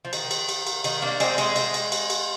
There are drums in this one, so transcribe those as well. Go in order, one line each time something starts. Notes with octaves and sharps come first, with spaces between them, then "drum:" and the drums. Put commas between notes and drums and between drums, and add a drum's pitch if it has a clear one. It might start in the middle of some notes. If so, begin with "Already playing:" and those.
F3
D#3, drum: cymbal
drum: cymbal
drum: cymbal
drum: cymbal
D#3, drum: cymbal
A#3 D4
G#3 C4, drum: cymbal
G#3 C4, drum: cymbal
G#3, drum: cymbal
drum: cymbal
drum: cymbal
drum: cymbal